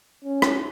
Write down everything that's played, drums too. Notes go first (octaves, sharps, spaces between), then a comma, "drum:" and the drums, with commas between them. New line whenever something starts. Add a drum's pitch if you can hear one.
C#4
drum: rim click